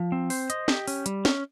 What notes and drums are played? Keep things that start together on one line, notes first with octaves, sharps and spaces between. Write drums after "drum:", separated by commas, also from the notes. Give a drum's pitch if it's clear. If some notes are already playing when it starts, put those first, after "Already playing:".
Already playing: F3
C4
C5, drum: open hi-hat
D#5, drum: hi-hat
G4, drum: snare
C#4, drum: open hi-hat
G3, drum: hi-hat
C#4, drum: snare